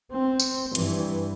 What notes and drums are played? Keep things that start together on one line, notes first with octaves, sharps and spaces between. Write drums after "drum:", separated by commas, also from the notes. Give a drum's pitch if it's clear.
C4
drum: tambourine
G2 E3, drum: hi-hat